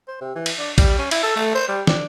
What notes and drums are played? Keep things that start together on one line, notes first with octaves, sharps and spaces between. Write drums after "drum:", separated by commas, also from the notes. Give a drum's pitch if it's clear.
C5
C3
E3
drum: cymbal
D4
G3, drum: kick A#1, cymbal
C#4
E4, drum: cymbal
A4
A3
C5
G3
D4, drum: snare